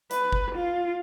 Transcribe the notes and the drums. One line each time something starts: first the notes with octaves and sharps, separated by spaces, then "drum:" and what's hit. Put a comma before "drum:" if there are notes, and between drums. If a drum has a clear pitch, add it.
B4, drum: hi-hat
drum: kick G1
F4